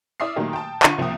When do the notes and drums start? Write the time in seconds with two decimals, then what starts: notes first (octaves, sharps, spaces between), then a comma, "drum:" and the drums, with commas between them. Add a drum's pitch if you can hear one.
0.20 E4 D5 E5 D#6 F6 C7
0.36 A#2 D#3 F#3 A3 A#3 G4
0.53 G5 A5
0.83 D3 F4 F#5 C#6 D#7, drum: clap
0.98 C2 F3 A#3 G5 D#6